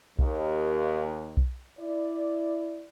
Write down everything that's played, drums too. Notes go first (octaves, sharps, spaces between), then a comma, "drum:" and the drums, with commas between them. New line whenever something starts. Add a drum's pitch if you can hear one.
D#2, drum: kick B1
drum: kick B1
E4 D5